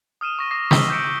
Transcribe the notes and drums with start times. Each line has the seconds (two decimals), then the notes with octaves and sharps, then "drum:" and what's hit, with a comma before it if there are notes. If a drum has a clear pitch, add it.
0.21 D#6 F6 D#7 E7
0.39 C#6 A#6 D#7
0.51 D6 D#6 A#6 C7
0.71 C#6 D#6 E6 B6 G7, drum: snare
0.89 D6 G6 A#6 B6 C#7 D7